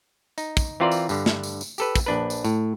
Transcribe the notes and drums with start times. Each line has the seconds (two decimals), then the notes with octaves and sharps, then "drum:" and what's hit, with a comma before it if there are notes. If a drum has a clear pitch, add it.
0.38 D#4, drum: tambourine
0.57 drum: kick, tambourine
0.80 E3 C4 F4 A#4 C5 D5
0.91 drum: tambourine
1.09 G2 D3, drum: tambourine
1.26 drum: snare
1.43 drum: tambourine
1.61 drum: tambourine
1.78 G4 A4 B4, drum: tambourine
1.95 drum: kick, tambourine
2.06 A#1 D4 B4
2.30 drum: tambourine
2.45 A2, drum: tambourine